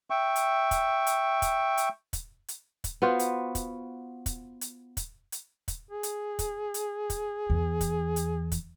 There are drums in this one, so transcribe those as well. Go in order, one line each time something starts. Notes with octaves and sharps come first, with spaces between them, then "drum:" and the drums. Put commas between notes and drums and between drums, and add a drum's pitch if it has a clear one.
E5 G5 C#6
drum: hi-hat
drum: kick, hi-hat
drum: hi-hat
drum: kick, hi-hat
drum: hi-hat
drum: kick, hi-hat
drum: hi-hat
drum: kick, hi-hat
B3 F4 F#4 C5
drum: hi-hat
drum: kick, hi-hat
drum: kick, hi-hat
drum: hi-hat
drum: kick, hi-hat
drum: hi-hat
drum: kick, hi-hat
G#4
drum: hi-hat
drum: kick, hi-hat
drum: hi-hat
drum: kick, hi-hat
E2
drum: kick, hi-hat
drum: hi-hat
drum: kick, hi-hat